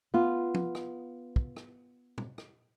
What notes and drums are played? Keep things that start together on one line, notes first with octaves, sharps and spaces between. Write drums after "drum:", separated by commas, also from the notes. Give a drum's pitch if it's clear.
B3 F4
drum: tom
drum: rim click
drum: kick
drum: rim click
drum: tom A#2
drum: rim click